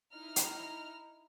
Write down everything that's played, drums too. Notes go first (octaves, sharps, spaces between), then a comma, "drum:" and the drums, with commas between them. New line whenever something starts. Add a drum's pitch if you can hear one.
D#4 E4 A#5 F6
drum: hi-hat